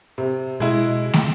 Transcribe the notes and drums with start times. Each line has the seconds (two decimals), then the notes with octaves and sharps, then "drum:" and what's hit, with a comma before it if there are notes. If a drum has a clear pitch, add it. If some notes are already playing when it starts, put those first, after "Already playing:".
0.18 C3
0.60 B2 G#3 E4
1.13 drum: snare